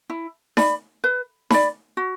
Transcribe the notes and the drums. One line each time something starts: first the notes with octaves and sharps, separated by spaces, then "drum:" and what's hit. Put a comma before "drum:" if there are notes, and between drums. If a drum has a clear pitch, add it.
E4
D5 B5, drum: snare D#4
B4
D5 B5, drum: snare D#4
F#4